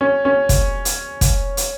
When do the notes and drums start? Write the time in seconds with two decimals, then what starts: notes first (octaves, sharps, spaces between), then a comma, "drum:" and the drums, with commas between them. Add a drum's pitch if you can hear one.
0.01 C#4
0.25 C#4
0.49 drum: kick, hi-hat
0.85 drum: hi-hat
1.21 drum: kick, hi-hat
1.57 drum: hi-hat